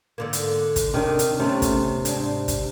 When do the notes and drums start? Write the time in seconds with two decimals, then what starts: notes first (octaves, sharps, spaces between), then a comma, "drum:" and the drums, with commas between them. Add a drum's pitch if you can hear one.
0.18 G#2 D3 A#3
0.33 drum: hi-hat
0.76 drum: kick, hi-hat
0.94 C3 D#3 D4
1.19 drum: hi-hat
1.39 C3 D#3 A3 B3 C#4
1.62 drum: kick, hi-hat
2.05 G#2 C4 D4, drum: hi-hat
2.48 drum: kick, hi-hat